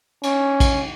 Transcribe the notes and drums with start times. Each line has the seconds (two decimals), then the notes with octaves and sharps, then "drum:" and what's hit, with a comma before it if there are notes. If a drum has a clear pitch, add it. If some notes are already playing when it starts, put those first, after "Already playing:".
0.23 C#4, drum: cymbal
0.60 drum: kick A#1, cymbal